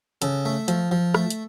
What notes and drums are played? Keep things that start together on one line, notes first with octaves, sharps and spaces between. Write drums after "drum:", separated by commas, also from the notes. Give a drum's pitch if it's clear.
C#3 A4, drum: hi-hat
A3
F3, drum: hi-hat
F3
A3, drum: rim click
drum: hi-hat